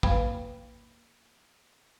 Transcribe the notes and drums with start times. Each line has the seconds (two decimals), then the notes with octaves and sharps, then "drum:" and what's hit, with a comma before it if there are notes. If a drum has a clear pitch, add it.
0.03 A#3 B4 F5 G5 B5, drum: kick A1